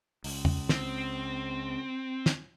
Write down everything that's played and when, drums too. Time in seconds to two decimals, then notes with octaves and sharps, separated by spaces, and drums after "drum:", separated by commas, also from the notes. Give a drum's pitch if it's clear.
0.24 C#2, drum: open hi-hat
0.45 drum: tom E2
0.69 C4, drum: snare
2.26 drum: snare